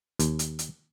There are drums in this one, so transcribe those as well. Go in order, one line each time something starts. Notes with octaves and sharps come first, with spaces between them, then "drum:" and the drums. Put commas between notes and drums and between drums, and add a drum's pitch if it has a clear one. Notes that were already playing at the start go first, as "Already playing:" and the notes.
D#2, drum: hi-hat
drum: hi-hat
drum: hi-hat